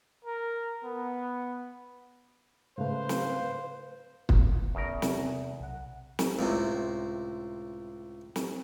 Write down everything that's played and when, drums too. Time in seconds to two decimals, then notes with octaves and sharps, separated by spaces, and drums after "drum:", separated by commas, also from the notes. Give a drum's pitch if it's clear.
0.25 A#4
0.84 B3
2.78 G#2 C#3 A3 B4 C5 F5
3.09 drum: snare
4.29 drum: kick
4.75 E2 C#3 A#4
5.02 C3, drum: snare
5.60 B1 F#5
6.19 drum: snare
6.39 C#2 A2 C3
8.36 drum: snare